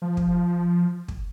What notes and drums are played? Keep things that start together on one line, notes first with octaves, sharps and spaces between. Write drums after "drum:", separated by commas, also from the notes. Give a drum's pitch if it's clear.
F3
drum: kick
drum: kick